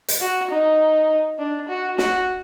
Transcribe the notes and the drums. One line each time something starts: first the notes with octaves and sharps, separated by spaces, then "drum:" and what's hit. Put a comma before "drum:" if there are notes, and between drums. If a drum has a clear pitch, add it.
drum: hi-hat
F#4
D#4
D4
F#4
F#4, drum: snare